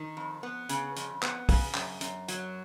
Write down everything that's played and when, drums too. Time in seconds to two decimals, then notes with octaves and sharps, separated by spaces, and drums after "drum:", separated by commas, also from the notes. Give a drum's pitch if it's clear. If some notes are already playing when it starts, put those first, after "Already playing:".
Already playing: D#3
0.17 F2
0.43 B3
0.69 C#3, drum: hi-hat
0.96 F2, drum: hi-hat
1.22 B3, drum: clap
1.49 C#3, drum: kick, open hi-hat
1.74 F#2, drum: clap
2.01 F#2, drum: hi-hat
2.28 F#3, drum: hi-hat